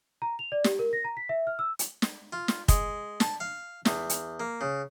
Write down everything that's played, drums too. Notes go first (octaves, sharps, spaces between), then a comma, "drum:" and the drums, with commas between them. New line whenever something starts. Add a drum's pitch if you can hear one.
A#5
F7
D5
G4, drum: snare
A#4
A#6
A#5
B6
E5
F6
E6
drum: hi-hat
drum: snare
F4
drum: snare
G#3, drum: kick, hi-hat
A5, drum: snare
F5
E2, drum: snare
drum: hi-hat
A#3
C#3